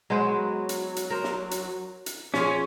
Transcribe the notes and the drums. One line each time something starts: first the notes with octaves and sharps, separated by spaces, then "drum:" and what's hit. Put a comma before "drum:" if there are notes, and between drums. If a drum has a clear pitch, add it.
F#3 G#3 B3 C5
drum: hi-hat
drum: hi-hat
A#4 C5
drum: snare
drum: hi-hat
drum: hi-hat
F3 C#4 F4 G#4, drum: snare